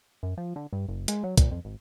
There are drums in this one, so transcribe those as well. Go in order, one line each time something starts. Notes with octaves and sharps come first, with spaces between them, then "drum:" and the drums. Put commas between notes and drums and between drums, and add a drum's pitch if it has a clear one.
F#2
F3
D3
G2
F#1
G#3, drum: hi-hat
F#3
A#2, drum: kick, hi-hat
F2
G#1